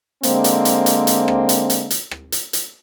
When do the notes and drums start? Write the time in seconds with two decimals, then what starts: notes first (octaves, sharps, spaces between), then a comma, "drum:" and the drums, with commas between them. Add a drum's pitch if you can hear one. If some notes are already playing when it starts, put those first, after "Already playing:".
0.23 D3 G#3 A#3 C4, drum: hi-hat
0.44 drum: hi-hat
0.65 drum: hi-hat
0.86 drum: hi-hat
1.07 drum: hi-hat
1.28 drum: rim click
1.49 drum: hi-hat
1.70 drum: hi-hat
1.91 drum: hi-hat
2.11 drum: rim click
2.32 drum: hi-hat
2.53 drum: hi-hat